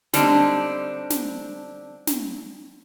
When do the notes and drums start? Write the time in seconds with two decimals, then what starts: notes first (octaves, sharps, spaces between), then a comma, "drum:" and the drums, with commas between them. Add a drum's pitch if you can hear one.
0.13 D3 G3 C4 D4 D#4, drum: snare
1.10 drum: snare
2.07 drum: snare